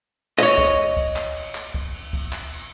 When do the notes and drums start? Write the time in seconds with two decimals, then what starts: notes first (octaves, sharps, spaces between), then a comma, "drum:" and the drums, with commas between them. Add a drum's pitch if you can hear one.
0.39 C#5 D#5, drum: clap
0.58 drum: kick, cymbal
0.97 drum: kick, cymbal
1.16 drum: clap
1.36 drum: cymbal
1.55 drum: clap
1.74 drum: kick, cymbal
1.94 drum: cymbal
2.13 drum: kick, cymbal
2.33 drum: clap
2.52 drum: cymbal